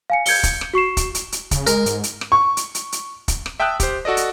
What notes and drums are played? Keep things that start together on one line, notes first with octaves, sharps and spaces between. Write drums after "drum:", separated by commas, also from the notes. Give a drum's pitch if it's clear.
F5 G#5 C#7
G6 G#6 C#7 G7, drum: open hi-hat
drum: kick, hi-hat
drum: rim click
F#4 C#6 C7 E7
drum: kick, hi-hat
drum: hi-hat
drum: hi-hat
C#3, drum: kick, hi-hat
G#3 A#4, drum: hi-hat
G#2, drum: hi-hat
drum: hi-hat
drum: rim click
C#6
drum: hi-hat
drum: hi-hat
drum: hi-hat
drum: kick, hi-hat
drum: rim click
E5 G5 A5 D#6 E6 F#6
G4 C5, drum: kick, hi-hat
F#4 A4 D5 D#5
drum: hi-hat